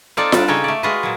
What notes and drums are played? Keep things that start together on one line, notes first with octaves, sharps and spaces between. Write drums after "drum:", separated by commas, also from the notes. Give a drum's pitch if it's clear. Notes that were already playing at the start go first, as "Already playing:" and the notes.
C4 D#4 F4 A4 D5
G3 D4, drum: snare F4
C#3 C#4 D#4 A4 D#5 G5
A3 D5
G#3 F4 F#4 B4 D#5
A#2 F#3